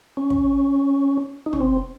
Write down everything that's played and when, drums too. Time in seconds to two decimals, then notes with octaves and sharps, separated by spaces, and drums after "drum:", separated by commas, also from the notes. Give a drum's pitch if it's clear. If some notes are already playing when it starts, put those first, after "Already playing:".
0.17 C#4
0.30 drum: kick
1.46 D#4
1.53 C#4, drum: tom
1.61 C4